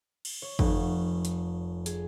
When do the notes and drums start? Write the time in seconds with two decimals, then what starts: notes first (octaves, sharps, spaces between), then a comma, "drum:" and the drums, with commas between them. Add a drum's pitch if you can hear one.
0.25 drum: cymbal
0.42 C#5
0.59 F1, drum: kick
1.25 drum: hi-hat
1.86 G#4, drum: hi-hat